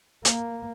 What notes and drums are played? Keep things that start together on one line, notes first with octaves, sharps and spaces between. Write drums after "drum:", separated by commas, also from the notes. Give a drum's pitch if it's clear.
A#3, drum: hi-hat